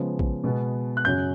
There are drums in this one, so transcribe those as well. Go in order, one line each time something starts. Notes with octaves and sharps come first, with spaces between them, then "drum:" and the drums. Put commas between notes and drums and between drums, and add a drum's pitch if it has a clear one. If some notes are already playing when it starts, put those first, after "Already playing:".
Already playing: C#3 F3 G#3 B3
drum: kick A#1
B2 G#3 B3
F#6
F#2 C#3 F#3 G6